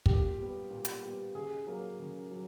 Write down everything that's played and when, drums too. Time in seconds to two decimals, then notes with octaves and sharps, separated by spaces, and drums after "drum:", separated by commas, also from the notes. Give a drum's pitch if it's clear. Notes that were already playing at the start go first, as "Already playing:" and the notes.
0.06 A#2 G4, drum: kick
0.38 G3 B3
0.70 A#2
0.85 drum: hi-hat
1.02 G3 B3
1.35 C#3 G#4
1.67 F#3 A#3
1.99 C#3
2.32 F#3